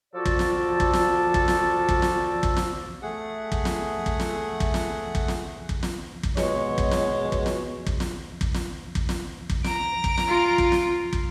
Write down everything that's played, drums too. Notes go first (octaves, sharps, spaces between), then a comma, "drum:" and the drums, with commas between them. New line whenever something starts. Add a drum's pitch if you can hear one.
F3 F4 F#4 A4 D5
drum: kick
drum: snare
drum: kick
drum: snare
drum: kick
drum: snare
drum: kick
drum: snare
drum: kick
drum: snare
A3 G#4 F#5
drum: kick
drum: snare
drum: kick
drum: snare
drum: kick
drum: snare
drum: kick
drum: snare
drum: kick
drum: snare
drum: kick
B2 G#3 C#5, drum: snare
drum: kick
drum: snare
drum: kick
drum: snare
drum: kick
drum: snare
drum: kick
drum: snare
drum: kick
drum: snare
drum: kick
A#5 D7, drum: snare
drum: kick
drum: snare
F4
drum: kick
drum: snare
drum: kick